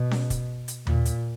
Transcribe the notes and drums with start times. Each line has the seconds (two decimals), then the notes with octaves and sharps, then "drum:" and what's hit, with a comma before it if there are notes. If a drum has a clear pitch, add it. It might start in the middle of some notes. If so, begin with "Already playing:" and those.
Already playing: B2
0.11 drum: snare C#4
0.30 drum: kick, hi-hat
0.68 drum: hi-hat
0.87 A#2, drum: tom D#2
1.05 drum: hi-hat